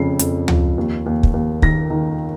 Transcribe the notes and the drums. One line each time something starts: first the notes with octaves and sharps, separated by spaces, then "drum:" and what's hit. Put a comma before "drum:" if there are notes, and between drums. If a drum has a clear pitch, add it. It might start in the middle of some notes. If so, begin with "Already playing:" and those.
Already playing: F2 C#3 F3 C7
F2, drum: hi-hat
F3, drum: tom D2
D#2
D#2
drum: kick
D#2
D#3 A#6, drum: kick
D#3